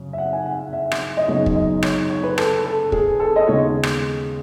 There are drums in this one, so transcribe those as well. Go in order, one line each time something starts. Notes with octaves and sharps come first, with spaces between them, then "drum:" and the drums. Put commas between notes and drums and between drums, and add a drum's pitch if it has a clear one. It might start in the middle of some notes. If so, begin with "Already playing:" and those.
Already playing: F#2 C#3
E5
F#5
G#5
F#5
F#5
E5
drum: rim click
D#5
F#2 C#3 G#3 B3 D#4 C#5
drum: kick
D#5
C#5, drum: rim click
C#5
B4
A4, drum: rim click
A4
G#4, drum: kick
A4
D#5
D#2 C#3 G#3 B3 C#5
drum: rim click